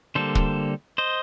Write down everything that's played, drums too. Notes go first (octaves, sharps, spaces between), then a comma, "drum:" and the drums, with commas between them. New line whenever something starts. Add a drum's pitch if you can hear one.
D3 G3 A#3 A4 C5
drum: kick
C5 D#5